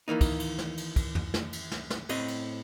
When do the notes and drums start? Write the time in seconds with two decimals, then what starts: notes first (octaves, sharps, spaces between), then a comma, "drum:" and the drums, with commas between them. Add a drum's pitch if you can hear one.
0.08 D#3 E3 A#3 D#4
0.21 drum: kick, cymbal
0.40 drum: cymbal
0.59 drum: snare
0.77 drum: cymbal
0.96 drum: kick, cymbal
1.15 drum: tom
1.34 drum: snare
1.53 drum: cymbal
1.72 drum: snare
1.90 drum: snare
2.09 A2 C4 D#5, drum: cymbal
2.28 drum: cymbal